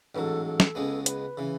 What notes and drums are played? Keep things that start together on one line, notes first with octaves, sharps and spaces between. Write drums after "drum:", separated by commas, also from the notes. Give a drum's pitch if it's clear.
A1 G#2 F#3 A4 B4
A4
drum: snare
C#2 C#3 G#3 B3
B4, drum: hi-hat
C#3 E3